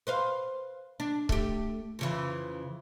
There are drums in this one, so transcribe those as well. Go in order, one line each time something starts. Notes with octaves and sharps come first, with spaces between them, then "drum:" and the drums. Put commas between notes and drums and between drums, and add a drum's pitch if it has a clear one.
B4 C5 F5
D4
A3 G4, drum: kick
F2 C#3 E3